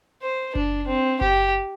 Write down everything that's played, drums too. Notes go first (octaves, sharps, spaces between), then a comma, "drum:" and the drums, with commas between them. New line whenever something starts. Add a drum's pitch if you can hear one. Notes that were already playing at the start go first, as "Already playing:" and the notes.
C5
D4, drum: kick F#1
C4
G4, drum: kick F#1